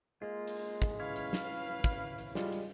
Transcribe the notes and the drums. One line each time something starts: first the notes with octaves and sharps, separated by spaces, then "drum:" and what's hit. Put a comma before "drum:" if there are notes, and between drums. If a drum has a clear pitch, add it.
G#3 A#3 F4
drum: hi-hat
drum: kick, hi-hat
C#4 E4 B4 C#5 F5
drum: hi-hat
drum: snare
drum: kick, hi-hat
drum: hi-hat
G3 G#3 F4, drum: snare
drum: hi-hat